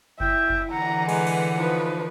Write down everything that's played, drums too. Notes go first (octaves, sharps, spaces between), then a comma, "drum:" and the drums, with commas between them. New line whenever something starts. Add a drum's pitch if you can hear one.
E4 E5 G5, drum: kick F#1
drum: kick F#1
D3 E3 F#5 A#5
G#3 B4, drum: cymbal
drum: cymbal
F3 D#4 B4